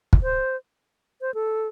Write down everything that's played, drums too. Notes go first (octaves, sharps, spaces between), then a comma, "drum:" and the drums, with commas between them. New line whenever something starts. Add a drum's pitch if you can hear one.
drum: kick
C5
C5
A4